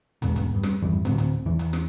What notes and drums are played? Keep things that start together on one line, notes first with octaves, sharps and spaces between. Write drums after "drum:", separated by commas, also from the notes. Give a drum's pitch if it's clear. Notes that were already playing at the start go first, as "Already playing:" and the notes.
G1 E2 G#2 B2, drum: hi-hat
drum: hi-hat
G2
drum: rim click
F2 G#2 E3 G3
D2 A2 F#3 C4, drum: hi-hat
drum: hi-hat
E2 E3
drum: hi-hat
drum: rim click